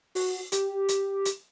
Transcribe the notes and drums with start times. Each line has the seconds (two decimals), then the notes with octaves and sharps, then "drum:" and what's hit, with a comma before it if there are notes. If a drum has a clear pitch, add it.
0.15 F#4, drum: open hi-hat
0.52 G4, drum: hi-hat
0.88 drum: hi-hat
1.25 drum: hi-hat